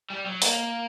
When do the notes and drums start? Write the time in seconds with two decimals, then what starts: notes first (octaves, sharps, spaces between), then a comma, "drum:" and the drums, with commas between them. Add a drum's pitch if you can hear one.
0.10 G3
0.26 F#3
0.42 A#3, drum: open hi-hat